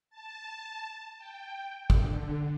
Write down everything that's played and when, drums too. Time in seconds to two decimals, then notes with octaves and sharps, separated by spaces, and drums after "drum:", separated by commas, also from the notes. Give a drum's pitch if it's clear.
0.10 A5
1.18 G5
1.90 D3, drum: kick